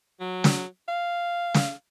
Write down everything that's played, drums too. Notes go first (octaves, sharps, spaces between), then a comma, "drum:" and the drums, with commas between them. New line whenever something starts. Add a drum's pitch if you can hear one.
F#3
drum: snare
F5
drum: snare